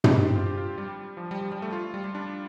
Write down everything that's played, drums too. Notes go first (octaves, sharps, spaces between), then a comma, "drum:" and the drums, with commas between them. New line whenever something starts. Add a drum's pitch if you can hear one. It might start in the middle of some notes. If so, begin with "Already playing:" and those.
G4, drum: tom
D4
C4
F4
G4
F4
G3
G3
F3
G3
G3
G3
A3
F4
G3
G3
D4